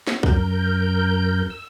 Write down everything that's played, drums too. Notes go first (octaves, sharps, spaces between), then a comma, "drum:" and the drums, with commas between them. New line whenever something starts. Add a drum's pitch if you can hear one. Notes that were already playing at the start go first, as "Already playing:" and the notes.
drum: snare
F#2 A#4 G6, drum: kick C2
E6